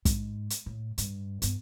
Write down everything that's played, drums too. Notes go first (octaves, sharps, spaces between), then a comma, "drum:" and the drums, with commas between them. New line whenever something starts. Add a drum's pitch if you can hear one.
G#2, drum: kick, hi-hat
drum: hi-hat
A2
G2, drum: hi-hat
G2 B3, drum: hi-hat